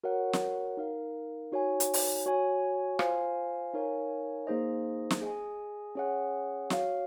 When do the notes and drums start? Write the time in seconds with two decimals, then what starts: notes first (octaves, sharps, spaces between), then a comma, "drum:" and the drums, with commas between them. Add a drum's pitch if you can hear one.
0.04 F#4 A#4 C#5 F#5
0.33 drum: snare
0.77 D#4 A#4 F5
1.52 D#4 F#4 C#5 G#5
1.80 drum: hi-hat
1.94 drum: open hi-hat
2.26 F#4 C#5 G#5
2.99 F4 C5 F5 G#5, drum: rim click
3.74 D#4 A#4 C#5 F5 G#5
4.47 A#3 D#4 G#4 C5 D#5
5.10 drum: snare
5.22 G#4 D#5 G#5
5.95 C#4 G#4 C#5 F#5
6.70 F#4 C#5 F5, drum: snare